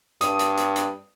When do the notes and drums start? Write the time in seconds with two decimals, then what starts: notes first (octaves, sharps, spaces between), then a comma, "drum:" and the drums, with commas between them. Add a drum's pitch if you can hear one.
0.21 G2 D#6, drum: hi-hat
0.39 drum: hi-hat
0.58 drum: hi-hat
0.76 drum: hi-hat